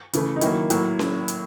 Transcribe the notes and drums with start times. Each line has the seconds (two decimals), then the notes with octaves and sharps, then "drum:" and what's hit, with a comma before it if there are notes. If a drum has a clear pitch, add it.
0.13 C#3 E3 A3, drum: hi-hat
0.36 D#4
0.41 D#3 F#3 A#3 E4, drum: hi-hat
0.70 A2 F#3 A#3, drum: hi-hat
0.99 drum: snare C#4
1.28 drum: hi-hat